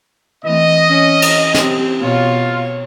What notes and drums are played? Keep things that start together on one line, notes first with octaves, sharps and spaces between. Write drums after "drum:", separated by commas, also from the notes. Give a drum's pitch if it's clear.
E3 A3 C4 D#5
C#4
drum: cymbal
C4 G4, drum: snare
B2 F4 C#5